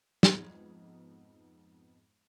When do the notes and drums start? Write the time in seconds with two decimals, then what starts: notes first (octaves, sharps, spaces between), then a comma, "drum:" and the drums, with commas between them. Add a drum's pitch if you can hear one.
0.23 F2 G#2 B3 D#4, drum: snare